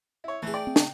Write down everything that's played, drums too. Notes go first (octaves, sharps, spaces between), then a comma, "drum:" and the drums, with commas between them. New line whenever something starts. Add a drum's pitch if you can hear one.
E4 C#5
E3 A3 G#4
D5 G5
C4
drum: snare